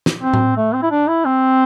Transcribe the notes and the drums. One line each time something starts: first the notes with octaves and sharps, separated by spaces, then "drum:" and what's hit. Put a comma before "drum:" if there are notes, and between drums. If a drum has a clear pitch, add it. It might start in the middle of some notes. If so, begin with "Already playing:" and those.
drum: snare
C4
drum: tom A2
A3
C4
E4
D4
E4
C4